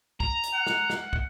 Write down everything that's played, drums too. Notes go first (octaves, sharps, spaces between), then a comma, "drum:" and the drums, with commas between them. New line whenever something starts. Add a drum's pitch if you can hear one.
A#5, drum: kick
drum: hi-hat
F#5
drum: snare
drum: snare
drum: kick